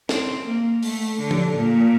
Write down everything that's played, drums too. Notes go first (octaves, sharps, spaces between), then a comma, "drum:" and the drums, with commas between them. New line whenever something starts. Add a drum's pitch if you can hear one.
C4, drum: snare
A#3
A3, drum: open hi-hat
D3
drum: tom F3
A#2